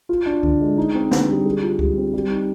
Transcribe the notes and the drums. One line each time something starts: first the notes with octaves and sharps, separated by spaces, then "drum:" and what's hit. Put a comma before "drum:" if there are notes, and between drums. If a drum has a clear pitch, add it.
F4
D4
D3, drum: kick C#2
G#3
D#4
C4
D3, drum: snare A#3
G3
G#4
F4
G3, drum: kick C#2
C4
G3
D#4